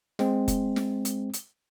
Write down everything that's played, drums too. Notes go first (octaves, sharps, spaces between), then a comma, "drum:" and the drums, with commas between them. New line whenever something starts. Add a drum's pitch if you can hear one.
G#3 C4, drum: snare
drum: kick F1, hi-hat
drum: snare
drum: hi-hat
drum: hi-hat